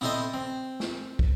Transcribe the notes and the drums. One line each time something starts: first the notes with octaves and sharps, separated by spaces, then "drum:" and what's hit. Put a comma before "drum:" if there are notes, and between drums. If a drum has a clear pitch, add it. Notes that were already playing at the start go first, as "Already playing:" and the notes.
B3 C4 E4 A4 C5 D#5
C4
drum: snare
drum: kick